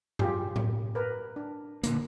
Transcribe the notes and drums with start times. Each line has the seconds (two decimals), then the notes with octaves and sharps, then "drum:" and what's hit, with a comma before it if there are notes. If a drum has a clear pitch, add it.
0.19 F4 G4 G#4, drum: tom G2
0.56 drum: tom A2
0.95 A#4 B4
1.36 D4
1.83 A#2 D3 A#3, drum: hi-hat